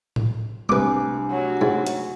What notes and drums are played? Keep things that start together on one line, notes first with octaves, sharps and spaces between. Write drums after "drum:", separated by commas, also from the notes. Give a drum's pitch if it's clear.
drum: tom A2
C2 A3 D4 B4 G#5 D6, drum: tom G3
F#3
G#2
drum: hi-hat